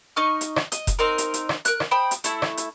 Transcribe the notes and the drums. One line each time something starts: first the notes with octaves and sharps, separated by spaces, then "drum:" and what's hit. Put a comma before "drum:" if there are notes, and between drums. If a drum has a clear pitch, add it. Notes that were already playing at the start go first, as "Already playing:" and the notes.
D#4 D#5 C#6 F6
drum: hi-hat
drum: rim click
D#5, drum: hi-hat
drum: kick F1, hi-hat
C4 D#4 A#4
drum: hi-hat
drum: hi-hat
drum: rim click
A#4 F#6, drum: hi-hat
drum: rim click
C5 G5 B5 D#6
drum: hi-hat
A3 E4, drum: hi-hat
drum: rim click
drum: hi-hat